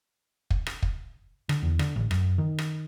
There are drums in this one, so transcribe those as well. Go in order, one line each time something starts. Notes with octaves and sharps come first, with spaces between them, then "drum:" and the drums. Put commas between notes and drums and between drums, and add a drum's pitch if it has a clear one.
drum: kick
drum: rim click
drum: kick
D3, drum: rim click
E2
D3, drum: rim click
A1
F#2, drum: rim click
D#3
drum: rim click